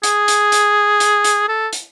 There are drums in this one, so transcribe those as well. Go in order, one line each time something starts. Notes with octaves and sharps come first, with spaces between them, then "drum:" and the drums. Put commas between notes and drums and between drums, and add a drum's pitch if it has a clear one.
G#4, drum: hi-hat
drum: hi-hat
drum: hi-hat
drum: hi-hat
drum: hi-hat
A4
drum: hi-hat